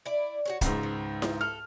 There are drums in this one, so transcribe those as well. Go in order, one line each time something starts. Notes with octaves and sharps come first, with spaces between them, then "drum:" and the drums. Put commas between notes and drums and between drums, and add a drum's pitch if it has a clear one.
E4 D5
F#4 G#4 C#5
C#2 G#2 F#3, drum: kick, hi-hat
D#3
drum: snare E4
A4 F6